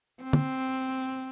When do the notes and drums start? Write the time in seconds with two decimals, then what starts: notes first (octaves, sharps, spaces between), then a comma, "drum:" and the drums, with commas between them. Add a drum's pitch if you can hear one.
0.23 C4
0.33 drum: tom